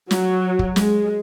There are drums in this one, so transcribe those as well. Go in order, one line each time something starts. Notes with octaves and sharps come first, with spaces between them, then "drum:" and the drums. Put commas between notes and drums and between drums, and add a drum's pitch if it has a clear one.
F#3, drum: snare
drum: kick
G#3, drum: snare